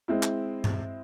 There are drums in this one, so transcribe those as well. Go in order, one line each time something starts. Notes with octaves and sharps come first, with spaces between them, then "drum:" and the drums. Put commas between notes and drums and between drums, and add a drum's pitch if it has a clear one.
G#3 C4 E4
drum: clap
drum: tom G2